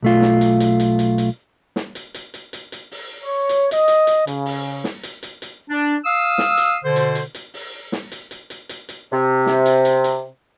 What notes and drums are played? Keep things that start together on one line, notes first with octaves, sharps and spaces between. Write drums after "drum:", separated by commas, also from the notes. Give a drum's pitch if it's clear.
B1 A3 F4
drum: snare
drum: hi-hat
drum: hi-hat
drum: hi-hat
drum: hi-hat
drum: hi-hat
drum: snare
drum: hi-hat
drum: hi-hat
drum: hi-hat
drum: hi-hat
drum: hi-hat
drum: open hi-hat
C#5
drum: hi-hat
D#5, drum: hi-hat
drum: hi-hat
drum: hi-hat
C#3, drum: hi-hat
drum: open hi-hat
drum: snare
drum: hi-hat
drum: hi-hat
drum: hi-hat
D4
F5 D#6 E6
drum: snare
drum: hi-hat
B2 D3 C5
drum: hi-hat
drum: hi-hat
drum: hi-hat
drum: open hi-hat
drum: snare
drum: hi-hat
drum: hi-hat
drum: hi-hat
drum: hi-hat
drum: hi-hat
C3
drum: snare
drum: hi-hat
drum: hi-hat
drum: hi-hat